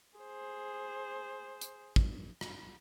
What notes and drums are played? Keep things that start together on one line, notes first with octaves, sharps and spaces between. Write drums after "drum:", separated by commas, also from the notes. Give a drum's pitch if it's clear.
G#4 C5
drum: hi-hat
drum: kick
drum: rim click